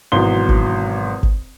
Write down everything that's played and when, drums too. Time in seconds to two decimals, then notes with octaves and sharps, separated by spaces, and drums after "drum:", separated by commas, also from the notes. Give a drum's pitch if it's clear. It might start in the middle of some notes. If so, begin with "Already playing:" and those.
0.12 G#1 B2 E3 F#3 C6 G7
0.49 drum: kick G#1
1.23 drum: kick G#1